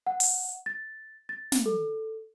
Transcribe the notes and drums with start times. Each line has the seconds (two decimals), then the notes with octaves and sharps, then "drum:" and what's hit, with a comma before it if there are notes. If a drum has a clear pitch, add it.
0.07 F#5
0.20 drum: open hi-hat
0.66 A6
1.29 A6
1.52 drum: snare
1.66 A4